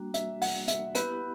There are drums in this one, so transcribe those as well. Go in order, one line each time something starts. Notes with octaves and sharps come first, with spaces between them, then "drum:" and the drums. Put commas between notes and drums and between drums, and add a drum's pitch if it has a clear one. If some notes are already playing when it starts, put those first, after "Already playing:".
Already playing: G3 A#3 D4 F#4
E5, drum: hi-hat
F#5, drum: open hi-hat
E5, drum: hi-hat
B3 E4 G4 B4, drum: hi-hat